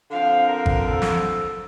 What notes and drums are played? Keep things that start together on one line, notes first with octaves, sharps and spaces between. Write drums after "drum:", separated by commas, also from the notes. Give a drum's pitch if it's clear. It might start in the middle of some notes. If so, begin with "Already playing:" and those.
D3 F3 C4 F5
A#4
drum: kick G#1
A4
drum: snare